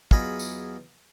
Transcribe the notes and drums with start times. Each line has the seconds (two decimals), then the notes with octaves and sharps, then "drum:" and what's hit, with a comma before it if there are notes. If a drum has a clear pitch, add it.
0.11 E2 F#3 F4 G#4 D#5 B5, drum: kick
0.39 drum: tambourine